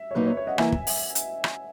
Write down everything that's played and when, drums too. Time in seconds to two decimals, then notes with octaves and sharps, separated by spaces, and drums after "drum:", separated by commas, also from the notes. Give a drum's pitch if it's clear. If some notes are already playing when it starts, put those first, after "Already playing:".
Already playing: E5
0.11 C#5
0.15 A#2 F#3 A#3 D#4 B4
0.26 C#5
0.37 C#5
0.47 D#5 F#5
0.58 E3 A#3 E4 A#4 E5 G#5, drum: rim click
0.72 drum: kick
0.87 drum: open hi-hat
1.15 drum: hi-hat
1.44 drum: rim click